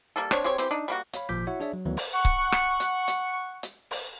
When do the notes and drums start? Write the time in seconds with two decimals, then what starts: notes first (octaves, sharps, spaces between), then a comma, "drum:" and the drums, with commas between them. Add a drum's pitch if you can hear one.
0.16 G3 A#3 A4
0.31 C4 D4 C#5, drum: rim click
0.44 G#3 C4 G4 C#5
0.58 E3 C4 G4, drum: hi-hat
0.71 D4 D#4
0.88 G3 A#3 F#4
1.13 C#5 F5 B5, drum: hi-hat
1.29 G#1 A#2 F3 D6 G6 B6
1.47 E4 F#4 C#5 E5 F#5
1.60 D4 G#4 C#5 D5 E5
1.73 F#3
1.85 D2 D#3 E3 F#3 B3
1.97 drum: open hi-hat
2.13 F#5 C#6
2.25 drum: kick C#1
2.52 drum: rim click
2.80 drum: hi-hat
3.08 drum: hi-hat
3.63 drum: hi-hat
3.91 drum: open hi-hat